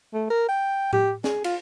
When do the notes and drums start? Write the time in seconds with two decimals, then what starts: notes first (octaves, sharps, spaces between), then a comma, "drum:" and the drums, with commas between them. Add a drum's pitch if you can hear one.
0.13 A3
0.30 A#4
0.48 G5
0.93 G4, drum: tom A2
1.24 G#4, drum: snare
1.44 F4, drum: cymbal